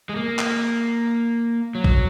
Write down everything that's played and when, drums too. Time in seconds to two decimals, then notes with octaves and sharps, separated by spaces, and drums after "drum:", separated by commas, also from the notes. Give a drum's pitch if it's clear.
0.09 G#3
0.16 A#3
0.39 drum: clap
1.75 F#3
1.84 drum: kick